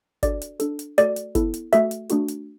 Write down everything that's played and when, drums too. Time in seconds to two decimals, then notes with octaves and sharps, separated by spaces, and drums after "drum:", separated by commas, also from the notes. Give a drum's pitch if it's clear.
0.23 D4 F#4 A4 D5, drum: kick G1, hi-hat
0.42 drum: hi-hat
0.60 D4 A4, drum: hi-hat
0.79 drum: hi-hat
0.98 A3 F#4 A4 D5, drum: hi-hat
1.16 drum: hi-hat
1.35 B3 E4 A4, drum: kick G1, hi-hat
1.54 drum: hi-hat
1.72 A3 F#4 A4 E5, drum: hi-hat
1.91 drum: hi-hat
2.09 A3 D4 F#4 A4, drum: hi-hat
2.28 drum: hi-hat